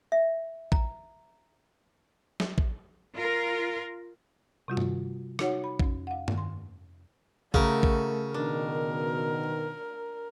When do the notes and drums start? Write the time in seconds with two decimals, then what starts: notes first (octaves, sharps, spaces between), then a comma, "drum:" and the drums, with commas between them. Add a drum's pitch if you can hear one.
0.12 E5
0.72 A#5, drum: kick A1
2.40 drum: snare
2.58 drum: kick A1
3.14 F4 A#4
4.68 C3 G3 F4 F#4
4.77 drum: tom G2
5.39 D#4 F#4 C#5 F#5, drum: rim click
5.64 B5
5.80 F2 C#4, drum: kick A1
6.07 F5 F#5
6.28 drum: tom G2
6.38 C6
7.54 C#3 A3 F#4 A#4, drum: kick A1
7.83 drum: kick A1
8.34 B2 D#3 D4 A#4